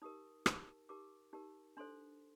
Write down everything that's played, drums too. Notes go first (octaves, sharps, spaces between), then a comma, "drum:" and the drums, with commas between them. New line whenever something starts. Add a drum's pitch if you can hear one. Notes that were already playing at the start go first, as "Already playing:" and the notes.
D#4 G4 A#4 D#6
D#4 G4 A#4, drum: rim click
D#4 G4 A#4 D6
D#4 G4 A#4
D4 A4 C5 C6